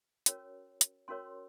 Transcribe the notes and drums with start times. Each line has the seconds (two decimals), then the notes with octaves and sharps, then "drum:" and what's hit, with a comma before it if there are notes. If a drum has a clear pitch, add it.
0.26 C#4 F#4 A#4 C#5, drum: hi-hat
0.81 drum: hi-hat
1.08 C#4 F#4 A#4 C#5 C6